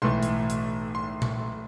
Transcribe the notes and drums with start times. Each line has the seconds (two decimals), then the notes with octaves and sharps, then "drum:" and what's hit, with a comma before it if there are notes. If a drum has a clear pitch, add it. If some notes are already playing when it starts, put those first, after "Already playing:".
0.02 B1 A2 E3 A3 C6
0.23 drum: hi-hat
0.50 drum: hi-hat
0.95 C6
1.22 drum: tom A#2